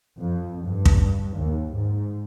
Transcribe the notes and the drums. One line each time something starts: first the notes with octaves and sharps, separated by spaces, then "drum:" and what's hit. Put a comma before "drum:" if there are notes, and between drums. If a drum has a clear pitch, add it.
F2
G2
drum: kick
D#2
G#2